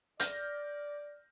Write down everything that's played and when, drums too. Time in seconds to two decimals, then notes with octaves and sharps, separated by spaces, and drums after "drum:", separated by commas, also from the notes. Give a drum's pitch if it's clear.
0.20 D5 F6 G6 A#6, drum: hi-hat